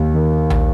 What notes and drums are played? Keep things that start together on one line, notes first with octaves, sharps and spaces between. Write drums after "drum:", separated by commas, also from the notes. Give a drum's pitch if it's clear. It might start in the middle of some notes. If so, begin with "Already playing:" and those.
Already playing: D#2
D#3
drum: tom A#1